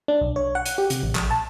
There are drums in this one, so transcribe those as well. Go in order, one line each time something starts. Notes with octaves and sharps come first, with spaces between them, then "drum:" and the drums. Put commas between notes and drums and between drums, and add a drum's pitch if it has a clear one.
D4
B1
C#5
F#5
drum: hi-hat
G4
C3, drum: hi-hat
A1
A#1, drum: clap
A5